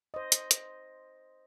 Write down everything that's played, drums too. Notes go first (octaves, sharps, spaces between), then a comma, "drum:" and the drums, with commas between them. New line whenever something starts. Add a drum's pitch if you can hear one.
C5 D#5
drum: hi-hat
drum: hi-hat